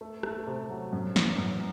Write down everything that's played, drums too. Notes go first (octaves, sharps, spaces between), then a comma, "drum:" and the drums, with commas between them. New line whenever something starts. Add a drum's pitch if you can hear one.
A3
A3, drum: rim click
C3
F#3
F#2
E3, drum: snare
F#2